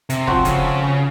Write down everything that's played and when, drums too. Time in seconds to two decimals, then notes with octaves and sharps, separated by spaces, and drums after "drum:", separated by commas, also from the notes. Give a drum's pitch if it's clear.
0.10 C3, drum: hi-hat
0.27 F3 C4 F#4 C5, drum: kick
0.45 C#3, drum: hi-hat